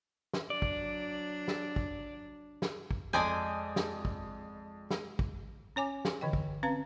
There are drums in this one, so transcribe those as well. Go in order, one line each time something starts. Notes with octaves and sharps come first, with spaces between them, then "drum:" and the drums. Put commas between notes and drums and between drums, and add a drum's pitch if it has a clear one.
drum: snare
F#3 D4 D5
drum: kick
drum: snare
drum: kick
drum: snare
drum: kick
F2 G#3 D5 G#5 A5 G6
drum: snare
drum: kick
drum: snare
drum: kick
C#4 C#5 G#5 D6
drum: snare
D3 E3 D#5 G5
drum: kick
C4 C#4 B4 F5 A#5